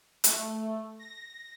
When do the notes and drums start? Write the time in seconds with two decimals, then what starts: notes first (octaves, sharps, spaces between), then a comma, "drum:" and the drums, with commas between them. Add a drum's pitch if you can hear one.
0.24 A3, drum: hi-hat
0.99 A#6